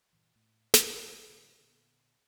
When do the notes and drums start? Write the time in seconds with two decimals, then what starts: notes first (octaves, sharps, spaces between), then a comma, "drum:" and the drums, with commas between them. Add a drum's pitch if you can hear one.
0.13 G2 A#2 E3
0.35 A2 A3
0.74 drum: snare
0.85 C2 G3
1.29 A2 D3 G3
1.60 A#2 D3 B3